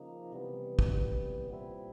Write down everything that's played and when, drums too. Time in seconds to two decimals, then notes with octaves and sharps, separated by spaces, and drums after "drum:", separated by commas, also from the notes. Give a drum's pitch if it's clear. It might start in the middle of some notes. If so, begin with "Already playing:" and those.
Already playing: C#3 F3 A#3 D#4
0.32 C3 E3 G3 B3
0.79 drum: kick
0.92 C3 E3 G3 B3
1.50 A#2 G3 C4 E4